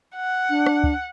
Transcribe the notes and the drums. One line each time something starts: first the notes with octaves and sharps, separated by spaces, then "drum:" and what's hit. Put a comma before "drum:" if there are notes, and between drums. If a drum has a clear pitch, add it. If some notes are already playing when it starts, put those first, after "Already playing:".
F#5
D4
drum: rim click
drum: kick